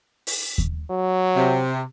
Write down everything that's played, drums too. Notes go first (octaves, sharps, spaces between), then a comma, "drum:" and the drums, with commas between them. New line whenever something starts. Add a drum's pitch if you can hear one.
drum: open hi-hat
drum: kick D#2
F#3
C3